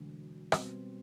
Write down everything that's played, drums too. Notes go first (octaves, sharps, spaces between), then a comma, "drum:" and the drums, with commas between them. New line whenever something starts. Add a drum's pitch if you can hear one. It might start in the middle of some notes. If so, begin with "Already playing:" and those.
Already playing: E1 D2 D3
B2 G3 C4, drum: rim click